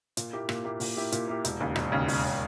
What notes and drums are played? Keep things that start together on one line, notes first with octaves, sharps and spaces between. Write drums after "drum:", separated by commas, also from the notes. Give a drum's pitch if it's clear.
A#2, drum: hi-hat
A#3 E4 G4
A#2, drum: rim click
A#3 E4 G4
A#2, drum: open hi-hat
A#3 E4 G4
A#2, drum: hi-hat
A#3 E4 G4
E1, drum: hi-hat
D#2 C#3
E1, drum: rim click
D#2 C#3
E1, drum: open hi-hat
C#3